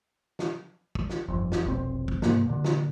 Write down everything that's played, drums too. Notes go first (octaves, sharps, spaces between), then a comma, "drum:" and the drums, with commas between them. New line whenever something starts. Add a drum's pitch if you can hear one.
drum: snare
drum: kick
drum: snare
G1 F2
drum: snare
F1 B1 C3 C4
drum: kick
G#2 C3 A#3, drum: snare
A#2 D3
drum: snare